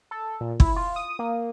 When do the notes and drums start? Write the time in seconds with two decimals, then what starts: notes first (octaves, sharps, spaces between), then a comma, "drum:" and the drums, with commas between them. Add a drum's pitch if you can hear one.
0.11 A4
0.41 A#2
0.60 E4, drum: kick
0.76 F4
0.96 D#6
1.19 A#3